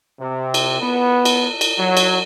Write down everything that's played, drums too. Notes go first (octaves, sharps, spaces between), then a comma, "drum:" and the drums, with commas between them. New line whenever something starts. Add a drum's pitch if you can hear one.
C3
drum: cymbal
B3
drum: cymbal
drum: cymbal
F#3
drum: cymbal